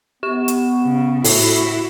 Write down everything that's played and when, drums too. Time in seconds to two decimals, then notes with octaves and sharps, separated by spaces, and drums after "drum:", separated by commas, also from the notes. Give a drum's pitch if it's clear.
0.23 B3 G4 C#6 E7
0.48 drum: hi-hat
0.84 C#3
1.24 A2 E4 F#4, drum: open hi-hat